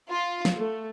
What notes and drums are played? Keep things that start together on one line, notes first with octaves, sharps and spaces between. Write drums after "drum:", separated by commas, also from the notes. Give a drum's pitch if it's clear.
F4
drum: snare
A3